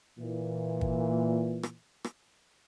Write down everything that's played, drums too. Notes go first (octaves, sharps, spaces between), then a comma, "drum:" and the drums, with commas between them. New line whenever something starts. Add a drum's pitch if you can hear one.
A#2 E3
drum: kick G1
drum: rim click
drum: rim click